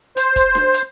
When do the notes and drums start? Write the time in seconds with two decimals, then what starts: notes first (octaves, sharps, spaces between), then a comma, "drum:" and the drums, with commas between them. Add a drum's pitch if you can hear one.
0.17 C5, drum: hi-hat
0.36 drum: kick, hi-hat
0.55 drum: snare D4
0.74 drum: hi-hat